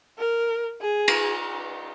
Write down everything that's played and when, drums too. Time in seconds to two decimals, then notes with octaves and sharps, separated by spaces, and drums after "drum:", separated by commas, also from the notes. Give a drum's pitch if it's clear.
0.18 A#4
0.81 G#4
1.08 drum: cymbal